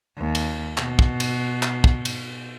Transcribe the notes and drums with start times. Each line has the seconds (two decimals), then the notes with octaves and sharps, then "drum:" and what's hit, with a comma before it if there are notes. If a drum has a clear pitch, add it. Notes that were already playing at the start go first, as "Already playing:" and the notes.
0.18 D#2
0.35 drum: cymbal
0.77 B2, drum: clap
0.99 drum: kick
1.20 drum: cymbal
1.63 drum: clap
1.84 drum: kick
2.05 drum: cymbal